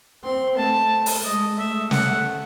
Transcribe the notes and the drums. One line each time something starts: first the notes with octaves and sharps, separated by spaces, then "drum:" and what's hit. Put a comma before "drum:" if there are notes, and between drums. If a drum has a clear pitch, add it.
C4 C6
A3 A5
drum: open hi-hat
G#3 D#5
A3 E5
F#5, drum: snare